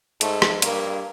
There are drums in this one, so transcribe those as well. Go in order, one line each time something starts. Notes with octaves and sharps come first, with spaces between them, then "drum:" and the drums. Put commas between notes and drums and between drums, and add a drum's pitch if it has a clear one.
G#2 A3, drum: hi-hat
drum: rim click
G2 A#3, drum: hi-hat